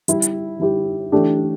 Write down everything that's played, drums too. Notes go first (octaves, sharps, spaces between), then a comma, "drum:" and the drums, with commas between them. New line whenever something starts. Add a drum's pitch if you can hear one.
G3 E4 G4, drum: hi-hat
drum: hi-hat
G3 E4 G4
E3 A3 D4 G4